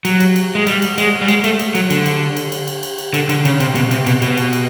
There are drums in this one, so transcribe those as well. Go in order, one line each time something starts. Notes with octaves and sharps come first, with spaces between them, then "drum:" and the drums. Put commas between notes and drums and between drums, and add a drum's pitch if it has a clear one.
F#3, drum: cymbal
drum: cymbal
drum: cymbal
G#3
G3, drum: cymbal
drum: cymbal
G#3, drum: cymbal
G3
G#3, drum: cymbal
A3, drum: cymbal
drum: cymbal
F#3, drum: cymbal
D3, drum: cymbal
drum: cymbal
drum: cymbal
drum: cymbal
drum: cymbal
drum: cymbal
drum: cymbal
D3, drum: cymbal
D3, drum: cymbal
C#3, drum: cymbal
C3, drum: cymbal
B2, drum: cymbal
C3, drum: cymbal
B2, drum: cymbal
B2, drum: cymbal
drum: cymbal
drum: cymbal